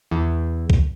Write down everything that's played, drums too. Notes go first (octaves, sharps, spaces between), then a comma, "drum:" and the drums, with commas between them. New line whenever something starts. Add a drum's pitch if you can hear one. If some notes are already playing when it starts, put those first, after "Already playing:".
E2
drum: kick C2